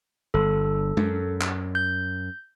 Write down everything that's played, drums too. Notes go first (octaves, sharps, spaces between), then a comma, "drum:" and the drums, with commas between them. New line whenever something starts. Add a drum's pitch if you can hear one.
G1 A4
F#2, drum: tom
drum: clap
G6